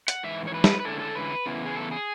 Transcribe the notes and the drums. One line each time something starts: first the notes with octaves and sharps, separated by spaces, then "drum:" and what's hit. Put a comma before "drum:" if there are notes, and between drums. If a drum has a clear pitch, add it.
F#5, drum: hi-hat
G#2 E3 E5
C#5
B4
drum: snare
B4
D3 G#3 C#4 E4 A4
A4
B4
C#3 E3 B3 E4
G#4
A4
G#4